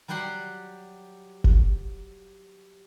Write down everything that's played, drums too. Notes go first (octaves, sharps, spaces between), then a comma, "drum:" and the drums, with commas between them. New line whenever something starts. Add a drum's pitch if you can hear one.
F#3 G3 G4 F#5 C6
drum: kick